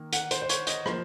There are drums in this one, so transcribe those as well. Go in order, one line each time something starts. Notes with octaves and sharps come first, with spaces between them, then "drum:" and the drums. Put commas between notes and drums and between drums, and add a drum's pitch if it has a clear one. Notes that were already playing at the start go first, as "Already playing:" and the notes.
Already playing: D#3 A#3
F#5, drum: hi-hat
C5, drum: hi-hat
C5
C#5, drum: hi-hat
D#5, drum: hi-hat
F3 A#3 C5, drum: rim click